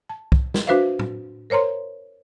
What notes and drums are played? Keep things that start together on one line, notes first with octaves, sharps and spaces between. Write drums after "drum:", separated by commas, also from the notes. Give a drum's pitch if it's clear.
A5
drum: kick
drum: snare
D4 F#4 B4 C5 E5 F5
drum: tom
A#4 C5 C#5 A#5 C6